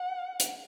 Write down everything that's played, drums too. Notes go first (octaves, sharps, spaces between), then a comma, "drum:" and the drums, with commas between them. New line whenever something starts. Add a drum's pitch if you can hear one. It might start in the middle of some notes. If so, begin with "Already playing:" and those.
Already playing: F#5
drum: hi-hat